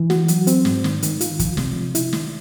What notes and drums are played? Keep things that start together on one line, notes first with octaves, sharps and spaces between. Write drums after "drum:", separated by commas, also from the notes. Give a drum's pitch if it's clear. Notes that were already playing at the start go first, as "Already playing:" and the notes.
Already playing: E3
F#4, drum: snare
F#3, drum: hi-hat
C4, drum: hi-hat
G#2, drum: snare
D#3, drum: snare
D#3, drum: hi-hat
F4, drum: hi-hat
F3, drum: kick, hi-hat
C3, drum: snare
C3
E4, drum: hi-hat
D#3, drum: snare